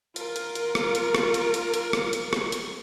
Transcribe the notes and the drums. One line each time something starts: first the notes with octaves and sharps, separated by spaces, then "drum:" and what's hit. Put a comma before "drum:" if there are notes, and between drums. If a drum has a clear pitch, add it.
F4 A#4, drum: hi-hat
drum: hi-hat
drum: hi-hat
drum: rim click
drum: hi-hat
drum: rim click
drum: hi-hat
drum: hi-hat
drum: hi-hat
drum: rim click
drum: hi-hat
drum: rim click
drum: hi-hat